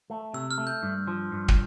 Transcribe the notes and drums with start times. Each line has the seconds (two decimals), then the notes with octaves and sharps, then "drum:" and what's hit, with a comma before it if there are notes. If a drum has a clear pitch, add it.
0.10 A3
0.34 C3 E6
0.51 F6
0.58 A3
0.67 G6
0.83 G2
1.07 F3
1.32 G2
1.48 drum: kick